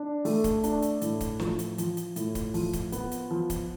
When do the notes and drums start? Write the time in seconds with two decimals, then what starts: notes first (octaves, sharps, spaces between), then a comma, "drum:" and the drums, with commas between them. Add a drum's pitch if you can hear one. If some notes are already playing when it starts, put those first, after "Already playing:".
Already playing: D4
0.25 A3, drum: open hi-hat
0.44 drum: kick, hi-hat
0.63 D4, drum: hi-hat
0.82 drum: hi-hat
1.01 A2, drum: hi-hat
1.20 drum: kick, hi-hat
1.40 F3, drum: snare
1.59 drum: hi-hat
1.78 F3, drum: hi-hat
1.97 drum: hi-hat
2.16 A2, drum: hi-hat
2.35 drum: kick, hi-hat
2.54 F3, drum: open hi-hat
2.73 drum: kick, hi-hat
2.92 B3, drum: hi-hat
3.11 drum: hi-hat
3.31 F3
3.50 drum: kick, hi-hat